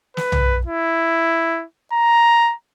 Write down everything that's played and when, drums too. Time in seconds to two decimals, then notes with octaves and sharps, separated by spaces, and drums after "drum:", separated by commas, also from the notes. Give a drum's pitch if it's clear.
0.17 B4, drum: snare
0.32 drum: tom B1
0.67 E4
1.93 A#5